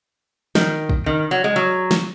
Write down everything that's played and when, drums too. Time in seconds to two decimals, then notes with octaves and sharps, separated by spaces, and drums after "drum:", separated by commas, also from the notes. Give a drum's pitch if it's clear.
0.55 D#3, drum: snare
0.89 drum: kick
1.06 D#3
1.31 F#3
1.44 G#3
1.56 F#3
1.91 drum: snare